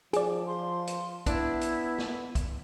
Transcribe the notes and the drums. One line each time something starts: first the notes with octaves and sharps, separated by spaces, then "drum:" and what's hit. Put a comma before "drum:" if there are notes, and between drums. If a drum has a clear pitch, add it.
F3 G#4 D5, drum: hi-hat
C6
drum: hi-hat
B3 D4 E4, drum: kick, hi-hat
drum: hi-hat
drum: snare
drum: kick, hi-hat